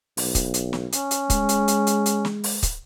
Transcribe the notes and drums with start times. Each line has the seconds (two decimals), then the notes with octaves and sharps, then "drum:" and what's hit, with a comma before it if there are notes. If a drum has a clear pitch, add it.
0.17 B1, drum: open hi-hat
0.35 drum: kick C#1, hi-hat
0.54 drum: hi-hat
0.73 drum: snare
0.92 C#4, drum: hi-hat
1.11 drum: hi-hat
1.30 G#3, drum: kick C#1, hi-hat
1.49 drum: hi-hat
1.68 drum: hi-hat
1.87 drum: hi-hat
2.06 drum: hi-hat
2.25 drum: snare
2.44 drum: open hi-hat
2.63 drum: kick C#1, hi-hat